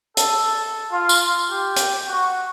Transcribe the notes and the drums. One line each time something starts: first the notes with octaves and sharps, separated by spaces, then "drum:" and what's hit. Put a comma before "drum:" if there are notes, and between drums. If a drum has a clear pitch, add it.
A4, drum: hi-hat
F4
drum: tambourine
G4
drum: hi-hat
F#4